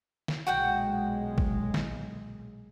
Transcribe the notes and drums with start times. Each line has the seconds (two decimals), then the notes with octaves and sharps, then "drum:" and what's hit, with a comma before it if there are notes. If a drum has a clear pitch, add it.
0.28 drum: snare
0.47 B1 A#2 G#3 F#4 F#5 G5
1.38 drum: kick
1.74 drum: snare